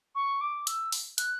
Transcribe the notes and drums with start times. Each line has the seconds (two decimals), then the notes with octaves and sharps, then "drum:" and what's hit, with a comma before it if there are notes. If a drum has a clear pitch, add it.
0.15 C#6
0.41 D6
0.67 E6, drum: hi-hat
0.92 drum: open hi-hat
1.18 F#6, drum: hi-hat